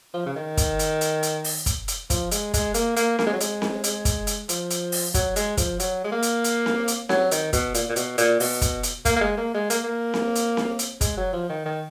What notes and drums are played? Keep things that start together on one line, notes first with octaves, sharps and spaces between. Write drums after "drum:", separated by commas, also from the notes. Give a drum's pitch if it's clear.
F3
C#3
D#3
drum: kick, hi-hat
drum: hi-hat
drum: hi-hat
drum: hi-hat
drum: open hi-hat
drum: kick, hi-hat
drum: hi-hat
F3, drum: kick, hi-hat
G#3, drum: hi-hat
G#3, drum: kick, hi-hat
A#3, drum: hi-hat
A#3, drum: hi-hat
A#3, drum: snare C4
G#3
F#3
G#3, drum: hi-hat
drum: snare C4
G#3, drum: hi-hat
drum: kick, hi-hat
drum: hi-hat
F3, drum: hi-hat
drum: hi-hat
drum: open hi-hat
F#3, drum: kick, hi-hat
G#3, drum: hi-hat
F3, drum: kick, hi-hat
F#3, drum: hi-hat
G#3
A#3
drum: hi-hat
drum: hi-hat
drum: snare C4
drum: hi-hat
F#3, drum: snare C4
D#3, drum: hi-hat
B2, drum: kick, hi-hat
A#2, drum: hi-hat
A#2
B2, drum: hi-hat
A#2, drum: hi-hat
B2, drum: open hi-hat
drum: kick, hi-hat
drum: hi-hat
A#3, drum: kick, hi-hat
A#3
G#3
A#3
G#3
A#3, drum: hi-hat
A#3
drum: snare C4
drum: hi-hat
drum: snare C4
drum: hi-hat
G#3, drum: kick, hi-hat
F#3
F3
D#3
D#3